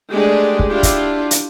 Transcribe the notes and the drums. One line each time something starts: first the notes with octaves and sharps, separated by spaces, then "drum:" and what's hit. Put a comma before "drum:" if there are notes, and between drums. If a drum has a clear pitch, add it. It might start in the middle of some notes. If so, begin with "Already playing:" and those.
G#3 A3 D4 G4 G#4 D5
drum: kick
D4 E4 F4 G4
drum: kick, hi-hat
drum: hi-hat